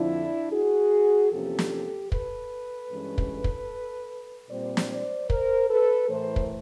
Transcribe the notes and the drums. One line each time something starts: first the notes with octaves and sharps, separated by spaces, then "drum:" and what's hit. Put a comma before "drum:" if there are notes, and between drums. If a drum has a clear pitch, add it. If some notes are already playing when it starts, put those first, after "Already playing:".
Already playing: F2 D3 F3 D4 E4
F#4 G#4
E2 C3 F3 A#3 C#4 G4 A4
drum: snare
A4 B4, drum: kick
G2 E3 G#3 C#4
drum: kick
drum: kick
A#2 G3 C4 C5 D5
drum: snare
C5 D5
A#4 C5, drum: kick
A4 B4
A2 E3 A3 A#4 C5
drum: kick